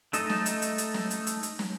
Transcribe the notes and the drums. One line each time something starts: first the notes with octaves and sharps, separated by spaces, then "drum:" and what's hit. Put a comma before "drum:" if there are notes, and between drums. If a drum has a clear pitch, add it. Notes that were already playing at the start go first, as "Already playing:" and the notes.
A3 D#4 A4 D#5, drum: hi-hat
drum: snare
drum: hi-hat
drum: hi-hat
drum: hi-hat
drum: snare
drum: hi-hat
drum: hi-hat
drum: hi-hat
drum: snare